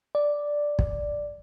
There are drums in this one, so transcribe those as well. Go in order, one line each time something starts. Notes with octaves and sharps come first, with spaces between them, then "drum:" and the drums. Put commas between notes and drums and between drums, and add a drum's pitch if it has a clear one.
D5
drum: kick